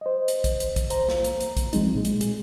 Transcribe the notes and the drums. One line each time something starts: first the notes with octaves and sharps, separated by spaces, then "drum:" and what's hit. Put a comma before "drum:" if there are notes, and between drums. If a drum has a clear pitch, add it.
C5 D#5
drum: hi-hat
drum: kick, hi-hat
drum: hi-hat
drum: kick, hi-hat
C5 A#5, drum: hi-hat
drum: snare
drum: hi-hat
drum: hi-hat
drum: kick, hi-hat
F3 G#3 C4 D#4, drum: hi-hat
A#2 G#3
drum: hi-hat
G#4, drum: hi-hat